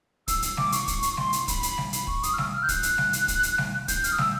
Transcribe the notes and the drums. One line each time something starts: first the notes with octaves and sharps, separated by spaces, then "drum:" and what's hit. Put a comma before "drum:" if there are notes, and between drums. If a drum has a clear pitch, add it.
E6, drum: kick, hi-hat
drum: hi-hat
D6, drum: snare
C#6, drum: hi-hat
drum: kick, hi-hat
drum: hi-hat
C#6
C6, drum: snare
drum: hi-hat
B5, drum: kick, hi-hat
B5, drum: hi-hat
drum: snare
drum: hi-hat
C#6, drum: kick
D#6, drum: hi-hat
F6
E6, drum: snare
F6
G6
F#6, drum: kick, hi-hat
drum: hi-hat
drum: snare
drum: hi-hat
drum: kick, hi-hat
drum: hi-hat
drum: snare
G6, drum: kick, hi-hat
F6, drum: hi-hat
D#6
E6, drum: snare